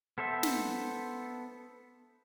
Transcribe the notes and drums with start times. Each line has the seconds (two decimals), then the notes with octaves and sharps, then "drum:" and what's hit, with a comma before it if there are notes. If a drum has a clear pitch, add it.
0.18 B3 A4 C5 E5
0.43 drum: snare